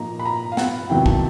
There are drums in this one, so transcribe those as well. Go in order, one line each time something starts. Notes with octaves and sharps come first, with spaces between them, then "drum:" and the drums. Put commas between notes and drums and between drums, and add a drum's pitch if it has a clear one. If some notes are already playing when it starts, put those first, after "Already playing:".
Already playing: A#2 F3 A#3 D#4 A#5
B5
A#5
F5
F#5, drum: snare
E2 C3 D#3 F#3 A#3 G5
A5, drum: kick